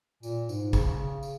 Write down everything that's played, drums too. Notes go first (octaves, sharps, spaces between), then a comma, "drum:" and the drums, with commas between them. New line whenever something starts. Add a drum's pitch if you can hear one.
A#2, drum: tambourine
G#2, drum: tambourine
C#3, drum: kick, tambourine
drum: tambourine